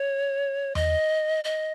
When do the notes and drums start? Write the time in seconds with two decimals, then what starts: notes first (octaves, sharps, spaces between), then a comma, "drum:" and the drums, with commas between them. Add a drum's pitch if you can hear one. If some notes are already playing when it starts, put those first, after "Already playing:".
Already playing: C#5
0.75 D#5, drum: tom E2
1.44 D#5